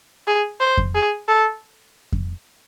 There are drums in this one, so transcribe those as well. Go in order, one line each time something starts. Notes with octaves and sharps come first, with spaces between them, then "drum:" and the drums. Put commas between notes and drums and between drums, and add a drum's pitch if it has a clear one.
G#4
C5
drum: kick F2
G#4
A4
drum: kick F2